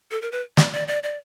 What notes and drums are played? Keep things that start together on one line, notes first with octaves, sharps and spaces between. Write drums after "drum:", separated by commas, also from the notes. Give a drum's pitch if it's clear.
A4
A#4
B4
D5, drum: snare
D5
D5
D5